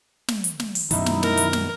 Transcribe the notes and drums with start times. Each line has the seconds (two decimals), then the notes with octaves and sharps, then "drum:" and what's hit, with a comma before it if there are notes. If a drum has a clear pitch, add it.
0.28 drum: snare
0.44 drum: hi-hat
0.60 drum: snare
0.75 drum: open hi-hat
0.91 F#2 B2 D#3 D#4 E4, drum: hi-hat
1.06 drum: snare
1.23 A#4, drum: snare
1.37 drum: hi-hat
1.53 drum: snare